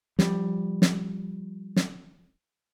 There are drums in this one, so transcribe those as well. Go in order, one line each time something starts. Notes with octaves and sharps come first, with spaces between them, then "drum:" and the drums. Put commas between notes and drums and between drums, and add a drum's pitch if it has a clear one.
F3 G3, drum: snare
drum: snare
drum: snare